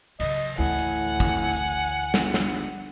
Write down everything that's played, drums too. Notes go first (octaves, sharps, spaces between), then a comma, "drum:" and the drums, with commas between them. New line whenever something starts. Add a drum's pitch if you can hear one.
C#3 F#3 D#5, drum: cymbal
D2 A2 E3 F#5 G#5
drum: hi-hat
drum: kick
drum: hi-hat
G1, drum: snare
drum: snare